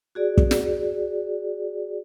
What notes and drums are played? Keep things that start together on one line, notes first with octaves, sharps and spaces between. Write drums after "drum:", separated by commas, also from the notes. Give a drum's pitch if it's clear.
F#4 G#4 D5
drum: kick
drum: snare